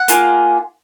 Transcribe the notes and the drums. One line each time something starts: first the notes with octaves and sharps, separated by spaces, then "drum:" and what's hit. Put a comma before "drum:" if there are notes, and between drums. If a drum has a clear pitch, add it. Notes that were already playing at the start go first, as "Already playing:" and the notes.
Already playing: F#5
A#3 F4 G#4, drum: hi-hat